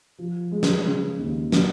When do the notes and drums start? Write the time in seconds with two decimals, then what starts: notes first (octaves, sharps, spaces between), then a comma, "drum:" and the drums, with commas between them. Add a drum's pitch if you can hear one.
0.18 F3
0.52 G#3
0.63 drum: snare
0.85 C#3
1.19 D#2
1.52 F#3, drum: snare